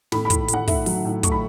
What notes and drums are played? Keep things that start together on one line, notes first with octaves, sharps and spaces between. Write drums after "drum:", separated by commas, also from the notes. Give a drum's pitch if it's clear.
A2 B5, drum: snare
B5
A2, drum: kick, hi-hat
A2, drum: hi-hat
F#5
A3 E5, drum: kick, open hi-hat
F#3, drum: open hi-hat
A2
A3 C#6, drum: kick, hi-hat
B5